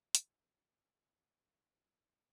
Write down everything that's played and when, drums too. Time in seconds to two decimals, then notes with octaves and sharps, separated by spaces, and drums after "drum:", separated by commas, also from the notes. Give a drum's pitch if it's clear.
0.15 D3, drum: hi-hat
0.46 D#3
1.06 F3
1.35 D3
1.65 D#3